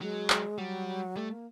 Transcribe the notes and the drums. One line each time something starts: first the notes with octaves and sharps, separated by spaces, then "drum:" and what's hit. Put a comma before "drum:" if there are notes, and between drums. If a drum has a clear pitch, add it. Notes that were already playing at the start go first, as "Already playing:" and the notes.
F#3 G#3
drum: clap
F#3 G3
G3 A3
A#3